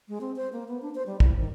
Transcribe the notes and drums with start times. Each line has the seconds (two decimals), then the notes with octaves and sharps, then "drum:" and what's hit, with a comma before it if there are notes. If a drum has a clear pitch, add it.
0.08 G#3
0.21 C4
0.36 C5
0.53 A#3
0.68 B3
0.82 D4
0.95 C5
1.06 G3
1.20 E4, drum: kick
1.39 D#3